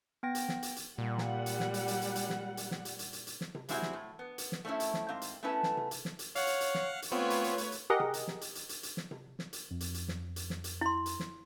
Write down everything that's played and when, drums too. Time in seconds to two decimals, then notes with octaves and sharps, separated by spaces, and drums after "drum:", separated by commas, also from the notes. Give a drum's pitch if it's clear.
0.23 B3 G5 A#6
0.35 drum: hi-hat
0.49 drum: snare
0.63 drum: hi-hat
0.76 drum: hi-hat
0.98 A#2 G3 F#5
1.18 drum: snare
1.46 drum: hi-hat
1.60 drum: snare
1.74 drum: hi-hat
1.88 drum: hi-hat
2.02 drum: hi-hat
2.16 drum: hi-hat
2.29 drum: snare
2.57 drum: hi-hat
2.71 drum: snare
2.85 drum: hi-hat
2.99 drum: hi-hat
3.13 drum: hi-hat
3.27 drum: hi-hat
3.41 drum: snare
3.55 drum: tom C3
3.69 G3 G#3 C4 E4 F#4 G#4, drum: hi-hat
3.82 drum: snare
3.93 A2
4.19 B3
4.38 drum: hi-hat
4.52 drum: snare
4.65 A3 C4 C#4 D#4 E4
4.80 drum: hi-hat
4.94 drum: snare
5.09 G#2 C4 F5
5.22 drum: hi-hat
5.43 A3 B3 C#4 E4 B4 A5
5.63 drum: snare
5.77 drum: tom C3
5.91 drum: hi-hat
6.05 drum: snare
6.19 drum: hi-hat
6.36 C#5 F5 F#5, drum: hi-hat
6.47 drum: hi-hat
6.61 drum: hi-hat
6.75 drum: snare
7.02 drum: hi-hat
7.12 A3 B3 C4 F4 B4 C#5
7.30 drum: hi-hat
7.44 drum: hi-hat
7.58 drum: hi-hat
7.72 drum: hi-hat
7.90 G4 G#4 A#4 D#5 F#5
8.00 drum: tom C3
8.14 drum: hi-hat
8.27 drum: snare
8.41 drum: hi-hat
8.55 drum: hi-hat
8.69 drum: hi-hat
8.83 drum: hi-hat
8.97 drum: snare
9.11 drum: tom C3
9.39 drum: snare
9.53 drum: hi-hat
9.71 F2
9.80 drum: hi-hat
9.94 drum: hi-hat
10.08 drum: snare
10.36 drum: hi-hat
10.50 drum: snare
10.64 drum: hi-hat
10.81 E4 C6
11.06 drum: hi-hat
11.20 drum: snare